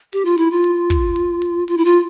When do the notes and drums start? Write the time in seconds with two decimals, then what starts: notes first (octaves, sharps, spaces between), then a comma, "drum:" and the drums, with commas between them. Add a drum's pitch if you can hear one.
0.13 G4, drum: hi-hat
0.25 F4
0.38 E4, drum: hi-hat
0.51 F4
0.64 drum: hi-hat
0.90 drum: kick, hi-hat
1.16 drum: hi-hat
1.42 drum: hi-hat
1.68 F4, drum: hi-hat
1.77 E4
1.85 F4